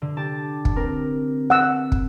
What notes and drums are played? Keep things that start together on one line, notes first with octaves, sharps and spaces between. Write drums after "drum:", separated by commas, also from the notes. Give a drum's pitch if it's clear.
D3
G4 A5
drum: kick
C4 A#4
F#5 E6
drum: kick